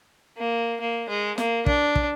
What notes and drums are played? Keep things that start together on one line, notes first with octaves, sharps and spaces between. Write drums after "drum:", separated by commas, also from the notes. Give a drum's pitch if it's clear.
A#3
A#3
G#3
A#3, drum: snare
D4, drum: kick
drum: kick